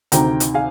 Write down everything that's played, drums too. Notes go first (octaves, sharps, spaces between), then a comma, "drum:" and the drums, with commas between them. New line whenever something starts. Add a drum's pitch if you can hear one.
D2 C3 D#3 G5 A#5, drum: hi-hat
drum: hi-hat
F5 G#5